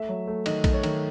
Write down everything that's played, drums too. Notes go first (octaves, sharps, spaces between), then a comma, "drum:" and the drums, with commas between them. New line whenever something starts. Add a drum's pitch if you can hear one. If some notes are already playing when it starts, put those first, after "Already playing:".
Already playing: A3 E5
F#3
A3
D#3 D#5, drum: cymbal
A3, drum: kick A#1, cymbal
C#5
D#3, drum: cymbal